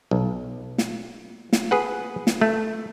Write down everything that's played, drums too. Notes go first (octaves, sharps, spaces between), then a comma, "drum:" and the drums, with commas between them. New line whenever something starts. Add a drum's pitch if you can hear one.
B1
drum: snare
drum: snare
G#4 B4 F#5
drum: snare
A3